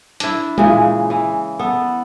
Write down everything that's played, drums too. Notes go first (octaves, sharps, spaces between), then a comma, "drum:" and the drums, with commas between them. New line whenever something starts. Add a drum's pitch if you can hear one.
D4 E4, drum: hi-hat
A#2 C#3 E3 G#3, drum: tom
E3
B3 A4